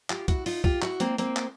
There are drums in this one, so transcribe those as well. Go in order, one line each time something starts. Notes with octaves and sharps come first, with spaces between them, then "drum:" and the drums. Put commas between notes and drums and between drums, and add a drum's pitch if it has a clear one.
F4 G4, drum: clap
E4 F#4, drum: kick B1, hi-hat
D#4 F4, drum: open hi-hat
F4 G4, drum: kick B1
E4 F#4, drum: clap
A#3 C4, drum: hi-hat
A#3 C4, drum: hi-hat
drum: clap